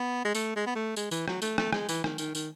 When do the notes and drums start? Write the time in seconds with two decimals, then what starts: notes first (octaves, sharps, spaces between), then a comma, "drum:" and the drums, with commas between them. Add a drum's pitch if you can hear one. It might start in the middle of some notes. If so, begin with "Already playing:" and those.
Already playing: B3
0.25 G#3
0.34 A3, drum: tambourine
0.56 G#3
0.66 B3
0.75 A3
0.96 G#3, drum: tambourine
1.11 E3, drum: tambourine
1.28 F#3, drum: rim click
1.42 A3, drum: tambourine
1.58 A3, drum: rim click
1.73 G#3, drum: rim click
1.89 E3, drum: tambourine
2.04 D#3, drum: rim click
2.18 D#3, drum: tambourine
2.35 D#3, drum: tambourine